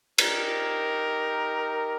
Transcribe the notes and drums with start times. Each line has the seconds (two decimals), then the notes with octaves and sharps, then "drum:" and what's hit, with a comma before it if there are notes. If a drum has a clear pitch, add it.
0.18 D#4 G4 A#4, drum: cymbal